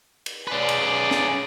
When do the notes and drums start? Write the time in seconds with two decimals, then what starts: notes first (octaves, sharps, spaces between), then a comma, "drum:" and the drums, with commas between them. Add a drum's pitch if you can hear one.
0.26 drum: cymbal
0.47 C#4 G#4 B4 D5
0.69 drum: cymbal
1.11 drum: snare